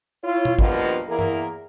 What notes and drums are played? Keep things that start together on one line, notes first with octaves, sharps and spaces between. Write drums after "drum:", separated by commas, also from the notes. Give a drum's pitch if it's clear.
E4 F4 C#5
drum: tom A#2
G2 B2 F3 A#3 B3 D#4, drum: kick
E2 A#3 E4 G#4 A#4
drum: tom G2